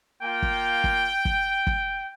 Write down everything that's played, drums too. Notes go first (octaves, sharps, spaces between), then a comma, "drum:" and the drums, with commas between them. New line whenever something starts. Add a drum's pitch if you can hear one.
A#3 F4 G5
drum: kick
drum: kick
drum: kick
drum: kick